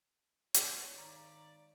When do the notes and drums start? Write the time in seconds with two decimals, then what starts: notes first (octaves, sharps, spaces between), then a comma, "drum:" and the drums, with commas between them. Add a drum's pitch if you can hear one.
0.54 C#5 B6, drum: hi-hat
0.94 G#1 D5 A#5